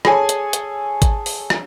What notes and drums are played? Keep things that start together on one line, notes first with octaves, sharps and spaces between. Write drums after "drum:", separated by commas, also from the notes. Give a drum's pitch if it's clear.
G#4 A4 C#5 G#5, drum: rim click
drum: hi-hat
drum: hi-hat
drum: kick G#1, hi-hat
drum: open hi-hat
drum: rim click